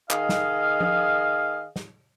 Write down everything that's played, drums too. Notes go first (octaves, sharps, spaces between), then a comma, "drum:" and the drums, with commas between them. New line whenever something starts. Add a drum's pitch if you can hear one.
D#3 G#4 D#5 F5, drum: clap
drum: snare
drum: tom F3
drum: snare